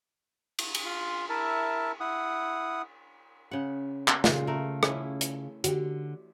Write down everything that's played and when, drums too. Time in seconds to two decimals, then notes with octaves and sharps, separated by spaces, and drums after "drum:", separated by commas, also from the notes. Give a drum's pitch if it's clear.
0.59 drum: cymbal
0.75 drum: cymbal
0.85 F4 C6
1.29 E4 A#4 E5 A5
2.00 E4 F#5 D#6
3.51 C#3 F#5
4.08 drum: clap
4.24 A#2 C#3 F4 G4, drum: snare
4.47 A3 A#4
4.83 C#4 E4, drum: rim click
5.21 drum: hi-hat
5.64 D3 F#4 G4, drum: hi-hat